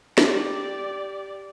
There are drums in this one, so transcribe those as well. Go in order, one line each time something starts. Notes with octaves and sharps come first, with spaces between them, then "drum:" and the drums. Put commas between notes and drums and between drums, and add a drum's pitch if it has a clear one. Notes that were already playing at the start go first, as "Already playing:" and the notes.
G4 D5, drum: snare